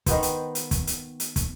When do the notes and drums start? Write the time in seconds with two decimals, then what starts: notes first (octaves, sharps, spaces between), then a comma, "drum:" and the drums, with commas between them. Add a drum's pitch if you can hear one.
0.06 D#3 B3 C5, drum: kick, hi-hat
0.23 drum: hi-hat
0.55 drum: hi-hat
0.71 drum: kick, hi-hat
0.87 drum: hi-hat
1.20 drum: hi-hat
1.36 drum: kick, hi-hat